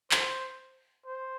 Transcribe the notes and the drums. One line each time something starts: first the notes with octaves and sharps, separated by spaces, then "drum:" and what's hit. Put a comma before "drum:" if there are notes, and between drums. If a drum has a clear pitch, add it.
C5, drum: clap
C5